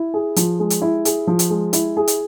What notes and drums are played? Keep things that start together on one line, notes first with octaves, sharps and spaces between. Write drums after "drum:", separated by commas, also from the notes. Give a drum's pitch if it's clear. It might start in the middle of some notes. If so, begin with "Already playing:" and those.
Already playing: E4
G#4
F3, drum: hi-hat
G#3
drum: hi-hat
E4
G#4, drum: hi-hat
F3
drum: hi-hat
G#3
E4, drum: hi-hat
G#4
drum: hi-hat